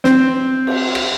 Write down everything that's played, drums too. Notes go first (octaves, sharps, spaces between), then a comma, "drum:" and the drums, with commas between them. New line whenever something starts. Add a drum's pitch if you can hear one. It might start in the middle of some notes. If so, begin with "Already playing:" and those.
C4, drum: snare
drum: cymbal
drum: rim click